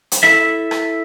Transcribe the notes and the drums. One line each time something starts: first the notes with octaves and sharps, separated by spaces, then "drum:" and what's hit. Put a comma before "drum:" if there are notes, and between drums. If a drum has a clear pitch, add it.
drum: hi-hat
E4 A4 E5
drum: rim click